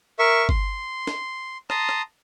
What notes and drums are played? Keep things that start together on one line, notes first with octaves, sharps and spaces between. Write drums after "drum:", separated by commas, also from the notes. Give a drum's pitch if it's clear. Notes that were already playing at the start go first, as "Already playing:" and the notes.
A#4 E5 C#6
C6, drum: kick G1
drum: snare
A5 A#5 C6 D#6, drum: rim click
drum: rim click